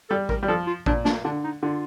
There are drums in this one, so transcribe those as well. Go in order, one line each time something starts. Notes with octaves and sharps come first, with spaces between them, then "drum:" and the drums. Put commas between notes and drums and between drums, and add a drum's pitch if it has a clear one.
G3 A4
A#4, drum: kick A1
G3
F3 A4
F4
A#2 D4, drum: kick A1
D4, drum: snare
D3 D4
D#4
D3 F4